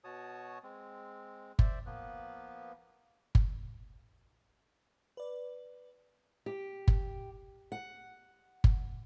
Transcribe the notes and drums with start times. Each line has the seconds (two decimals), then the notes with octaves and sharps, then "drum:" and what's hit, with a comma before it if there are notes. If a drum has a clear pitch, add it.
0.04 B2 F#4 C#5 A5 D#6
0.64 G#3 C4
1.59 C5 D5 E5, drum: kick G1
1.86 F3 A#3 B3 B4
3.35 drum: kick G1
5.17 B4 D5
6.46 G4
6.88 drum: kick G1
7.72 F#5
8.64 drum: kick G1